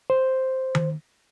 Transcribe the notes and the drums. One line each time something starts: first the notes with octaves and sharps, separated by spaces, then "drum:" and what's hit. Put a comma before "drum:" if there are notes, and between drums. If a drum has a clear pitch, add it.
C5
drum: tom D#3